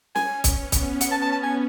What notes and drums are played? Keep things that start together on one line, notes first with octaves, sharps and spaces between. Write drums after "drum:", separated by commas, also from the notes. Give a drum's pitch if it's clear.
C#4 G#5, drum: snare
drum: kick, hi-hat
B3
drum: kick, hi-hat
F#5, drum: hi-hat
A5
A5
A5
G#5